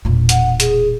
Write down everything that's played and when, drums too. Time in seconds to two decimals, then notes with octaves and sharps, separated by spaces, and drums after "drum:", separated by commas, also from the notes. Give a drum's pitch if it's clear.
0.05 E1 A#2
0.29 F#5, drum: hi-hat
0.60 G#4, drum: hi-hat